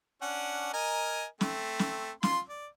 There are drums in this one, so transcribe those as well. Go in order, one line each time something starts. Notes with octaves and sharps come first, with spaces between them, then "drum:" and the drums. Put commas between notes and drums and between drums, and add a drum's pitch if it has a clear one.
C#4 D4 F#5
A#4 D#5 G#5
A3 C4, drum: snare
drum: snare
F4 C6, drum: snare
D5